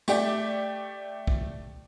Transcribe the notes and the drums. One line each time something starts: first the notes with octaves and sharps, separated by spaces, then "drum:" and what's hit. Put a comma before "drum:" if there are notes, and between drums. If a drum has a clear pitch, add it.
A3 G4 D5 G5, drum: tambourine
drum: kick